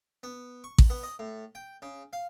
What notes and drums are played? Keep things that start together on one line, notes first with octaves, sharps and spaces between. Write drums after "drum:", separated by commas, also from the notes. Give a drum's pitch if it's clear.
B3
C#6
drum: kick A1
B3
D#5
A2
G5
C#3
F5